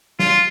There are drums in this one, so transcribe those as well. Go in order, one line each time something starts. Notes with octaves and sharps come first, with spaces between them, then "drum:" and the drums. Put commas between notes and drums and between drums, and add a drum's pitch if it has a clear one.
F4, drum: snare